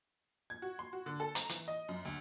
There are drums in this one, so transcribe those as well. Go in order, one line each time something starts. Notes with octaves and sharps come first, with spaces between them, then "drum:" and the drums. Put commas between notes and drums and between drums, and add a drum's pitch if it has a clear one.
G#6
F#4
C6
F#4
D3
A4
A#5, drum: hi-hat
E3, drum: hi-hat
D#5
F#2
D2